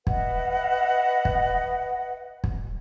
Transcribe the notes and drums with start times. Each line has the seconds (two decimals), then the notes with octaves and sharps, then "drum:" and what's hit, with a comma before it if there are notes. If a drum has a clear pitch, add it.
0.07 B4 D#5 E5 F#5, drum: kick
1.25 drum: kick
2.44 drum: kick